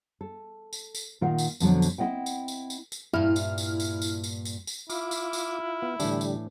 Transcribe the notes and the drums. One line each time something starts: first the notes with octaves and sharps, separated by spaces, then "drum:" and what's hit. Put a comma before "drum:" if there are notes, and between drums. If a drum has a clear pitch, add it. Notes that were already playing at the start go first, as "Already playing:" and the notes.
A4
drum: tambourine
drum: tambourine
A#2 D#3 F4 A#4 F#5
drum: tambourine
F2 B2 D3 F3 F#3, drum: tambourine
drum: tambourine
C4 E4 F4 D#5 F#5 G5
drum: tambourine
drum: tambourine
drum: tambourine
drum: tambourine
G2 A#2 E4 F6
drum: tambourine
drum: tambourine
drum: tambourine
drum: tambourine
drum: tambourine
drum: tambourine
drum: tambourine
E4 F4 D6, drum: tambourine
drum: tambourine
drum: tambourine
F4
B3
A2 D3 E3 G3 D4, drum: tambourine
drum: tambourine